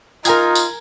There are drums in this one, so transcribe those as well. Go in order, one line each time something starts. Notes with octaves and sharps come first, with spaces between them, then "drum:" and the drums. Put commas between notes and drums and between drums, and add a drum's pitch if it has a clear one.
D#4 F4 A#4 G#5 G#6, drum: tambourine
drum: tambourine